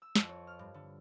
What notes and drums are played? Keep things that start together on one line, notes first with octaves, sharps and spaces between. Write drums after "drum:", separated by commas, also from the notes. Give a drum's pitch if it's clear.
E6
F2, drum: snare
C#5
F6
G2
D3